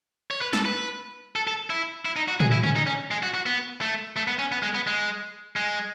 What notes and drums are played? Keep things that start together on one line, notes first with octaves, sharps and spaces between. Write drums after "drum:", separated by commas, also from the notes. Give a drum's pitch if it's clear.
C#5
B4
A4, drum: snare
B4
A4
A4
E4
E4
D#4
F#4
G#4, drum: tom
E4
C#4, drum: tom
D#4
C#4
G#3
F#4
F#4
B3
A3
A3
B3
C#4
B3
G#3
B3
G#3
G#3